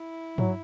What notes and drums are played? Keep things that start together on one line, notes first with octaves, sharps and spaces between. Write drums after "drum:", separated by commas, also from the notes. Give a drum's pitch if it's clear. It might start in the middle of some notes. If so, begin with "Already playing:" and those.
Already playing: E4
F#3, drum: tom